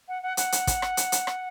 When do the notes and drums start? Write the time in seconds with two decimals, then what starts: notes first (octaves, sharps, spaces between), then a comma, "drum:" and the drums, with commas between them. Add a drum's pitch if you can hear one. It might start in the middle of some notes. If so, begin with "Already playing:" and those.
0.08 F#5
0.23 F#5
0.37 F#5, drum: hi-hat
0.52 drum: hi-hat
0.67 drum: kick, hi-hat
0.82 drum: rim click
0.97 drum: hi-hat
1.12 drum: hi-hat
1.27 drum: rim click